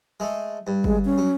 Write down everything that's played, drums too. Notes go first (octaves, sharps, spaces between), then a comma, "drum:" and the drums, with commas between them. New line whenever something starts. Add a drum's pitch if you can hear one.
G#3 A3
G2
G#3, drum: kick
C#4
F#3